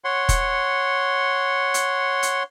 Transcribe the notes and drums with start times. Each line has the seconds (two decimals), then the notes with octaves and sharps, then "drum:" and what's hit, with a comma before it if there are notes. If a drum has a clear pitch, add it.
0.04 C#5 F#5 C6
0.29 drum: kick, hi-hat
1.74 drum: hi-hat
2.23 drum: hi-hat